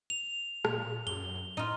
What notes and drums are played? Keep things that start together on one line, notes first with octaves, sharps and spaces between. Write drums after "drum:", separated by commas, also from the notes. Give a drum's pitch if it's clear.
F7
A#2, drum: rim click
F#2 G7
A2 D#4 F4